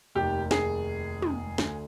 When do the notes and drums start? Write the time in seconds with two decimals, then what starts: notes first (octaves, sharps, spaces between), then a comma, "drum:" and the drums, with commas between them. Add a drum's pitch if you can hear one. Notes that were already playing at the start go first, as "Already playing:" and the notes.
0.15 F1 D#2 D#3 G4
0.51 G#4, drum: snare
1.22 drum: tom
1.58 D2 D3, drum: snare